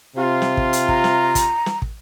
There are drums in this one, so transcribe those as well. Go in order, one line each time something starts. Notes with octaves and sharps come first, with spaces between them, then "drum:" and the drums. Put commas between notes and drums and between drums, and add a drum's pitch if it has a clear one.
C3 F4
drum: snare
drum: kick
drum: hi-hat
A#5, drum: kick
drum: snare
drum: kick, hi-hat
drum: snare
drum: kick